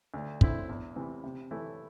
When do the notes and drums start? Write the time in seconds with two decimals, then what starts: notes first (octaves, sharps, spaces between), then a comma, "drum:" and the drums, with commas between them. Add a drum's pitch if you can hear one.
0.14 D2
0.41 D3 C4 E4, drum: kick
0.69 E2
0.96 C3 E3
1.24 C3
1.51 E3 A3 E4